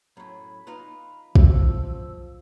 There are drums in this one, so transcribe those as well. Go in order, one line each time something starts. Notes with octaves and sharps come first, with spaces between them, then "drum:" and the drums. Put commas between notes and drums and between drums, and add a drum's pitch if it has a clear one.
F#2 A2 B5
D#4 F4 B4
F3 E6, drum: kick